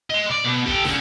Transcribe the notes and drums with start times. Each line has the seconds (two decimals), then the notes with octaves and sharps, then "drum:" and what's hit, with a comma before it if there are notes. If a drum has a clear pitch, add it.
0.10 D#5 C6
0.31 D5
0.45 B2
0.66 G4 A4, drum: kick G#1
0.85 D3 C#4, drum: snare